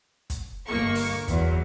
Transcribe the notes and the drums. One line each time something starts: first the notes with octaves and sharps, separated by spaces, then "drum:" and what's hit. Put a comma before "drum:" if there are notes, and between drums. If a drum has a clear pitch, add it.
drum: kick, hi-hat
G1 G2 A#3 C#6
drum: open hi-hat
E2 F#3, drum: kick, hi-hat